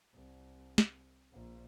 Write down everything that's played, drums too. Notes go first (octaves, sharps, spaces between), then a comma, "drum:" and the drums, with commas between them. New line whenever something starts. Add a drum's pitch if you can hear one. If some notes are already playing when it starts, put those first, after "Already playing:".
C2
drum: snare
A#1